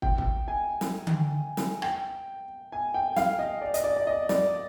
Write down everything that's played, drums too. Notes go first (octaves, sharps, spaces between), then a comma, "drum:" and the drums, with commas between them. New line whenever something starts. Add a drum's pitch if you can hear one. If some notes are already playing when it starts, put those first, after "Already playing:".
G5, drum: kick
drum: kick
G#5
drum: snare
drum: tom D3
drum: snare
G5, drum: rim click
G#5
G5
F5, drum: snare
D#5
D5
D#5, drum: hi-hat
D5
D5
D#5
D5, drum: snare